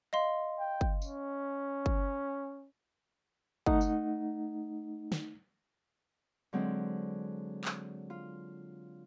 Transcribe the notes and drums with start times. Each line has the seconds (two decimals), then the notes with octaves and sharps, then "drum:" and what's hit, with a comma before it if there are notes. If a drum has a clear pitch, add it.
0.13 D#5 F5 C6
0.60 G5
0.81 drum: kick G1
1.02 C#4, drum: tambourine
1.86 drum: kick G1
3.66 A3 D#4 F#5, drum: kick G1
3.81 drum: tambourine
5.12 drum: snare
6.53 D3 F#3 G#3 C4
7.65 drum: clap
8.10 F4